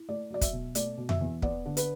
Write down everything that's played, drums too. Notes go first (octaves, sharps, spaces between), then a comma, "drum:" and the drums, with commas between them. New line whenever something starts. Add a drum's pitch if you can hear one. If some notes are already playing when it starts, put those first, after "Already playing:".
Already playing: E4
A3 D5
F#3 D5
E5, drum: kick, hi-hat
B2
A3 D5, drum: hi-hat
B2
E5, drum: tom F2
E2
B3 D5, drum: kick
D3
B4, drum: hi-hat